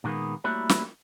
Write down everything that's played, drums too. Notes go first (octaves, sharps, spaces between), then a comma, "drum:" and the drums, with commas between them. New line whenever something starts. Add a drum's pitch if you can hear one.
A#2 D#3 G#3 A#3 B3
G3 A3 A#3 E4 F#4 C#5
drum: snare